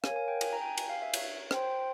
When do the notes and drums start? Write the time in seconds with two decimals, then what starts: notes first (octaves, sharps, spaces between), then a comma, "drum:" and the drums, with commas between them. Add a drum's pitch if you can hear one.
0.04 A#4 C#5 F5 G#5, drum: rim click
0.16 G#5
0.28 G5
0.41 G#5, drum: cymbal
0.53 A#5
0.62 G5
0.65 G#5
0.78 G#5, drum: cymbal
0.89 F5
1.02 E5
1.14 C#5, drum: cymbal
1.51 C5 G5 C6, drum: rim click